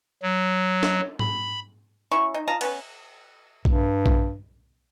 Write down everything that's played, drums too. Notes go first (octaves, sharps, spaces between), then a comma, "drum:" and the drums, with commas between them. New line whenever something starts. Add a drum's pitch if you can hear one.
F#3
drum: snare
B5, drum: tom G#2
F#3 C#4 E4 C#6
D#4
F4 D#5 A5 A#5
B3 C#4 A#4 B4, drum: cymbal
G2, drum: kick A#1
drum: kick A#1